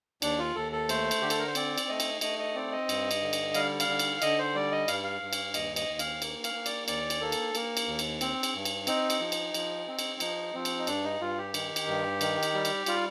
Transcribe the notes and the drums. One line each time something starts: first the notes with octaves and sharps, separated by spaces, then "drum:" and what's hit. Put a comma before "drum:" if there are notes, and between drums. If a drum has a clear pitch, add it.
D#2 D4, drum: cymbal
F4
D#2 A4
A4
A3 C5, drum: cymbal
drum: cymbal
D3 G4
A4, drum: cymbal
A#4
C5
C4 D5, drum: cymbal
drum: cymbal
A3 D#5
drum: cymbal
A3 D#5, drum: cymbal
D#5
C4 D5
D#5
G2, drum: cymbal
drum: cymbal
D3
drum: cymbal
G3 F5, drum: cymbal
F5, drum: cymbal
D3
drum: cymbal
D3 D#5, drum: cymbal
C5
G3 D5
D#5
G2 F5, drum: cymbal
F5
G2
drum: cymbal
D#2 D#5, drum: cymbal
D#5, drum: cymbal
D#2
F5, drum: cymbal
A#3, drum: cymbal
F5, drum: cymbal
A#3
D5, drum: cymbal
D#2 D5, drum: cymbal
drum: cymbal
A#3 A4
drum: cymbal
A#3, drum: cymbal
drum: cymbal
D#2
drum: cymbal
C4, drum: cymbal
drum: cymbal
G2
drum: cymbal
C4 D#4, drum: cymbal
drum: cymbal
F3
drum: cymbal
F3, drum: cymbal
C4
drum: cymbal
F3 D#4, drum: cymbal
F3 C4
drum: cymbal
D#4
G2 D4, drum: cymbal
D#4
G2 F4
G4
D#3, drum: cymbal
drum: cymbal
G2
D#3, drum: cymbal
drum: cymbal
G3
drum: cymbal
G3 F4, drum: cymbal